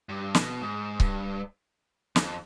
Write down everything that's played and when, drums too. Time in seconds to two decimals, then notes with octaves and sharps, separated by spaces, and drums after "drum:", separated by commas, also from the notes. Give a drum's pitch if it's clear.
0.09 G2
0.35 B2, drum: snare
0.61 G#2
1.00 G2, drum: kick C#1
2.16 F2, drum: snare